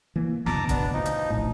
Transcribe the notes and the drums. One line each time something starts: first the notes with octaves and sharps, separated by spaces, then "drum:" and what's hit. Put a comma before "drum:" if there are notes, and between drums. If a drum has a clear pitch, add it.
E3 A#3
F#1 D2 B2 A5 A#5 D6, drum: snare
B3 D4, drum: kick, hi-hat
F3 D#4
drum: hi-hat
E1 A#1 A2